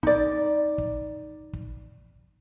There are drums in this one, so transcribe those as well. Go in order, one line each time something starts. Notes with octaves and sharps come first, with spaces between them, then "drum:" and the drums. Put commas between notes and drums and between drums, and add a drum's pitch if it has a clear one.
D#4 D5, drum: kick
drum: kick
drum: kick